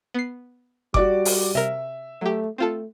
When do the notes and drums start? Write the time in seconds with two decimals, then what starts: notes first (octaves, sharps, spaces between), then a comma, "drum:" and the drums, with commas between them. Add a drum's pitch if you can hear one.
0.14 B3 C7
0.94 G3 F#4 D5 D6, drum: kick F#1
1.25 drum: open hi-hat
1.55 C3 A#4 E5
2.21 F#3 A3 G4
2.58 A3 C4 F4 A4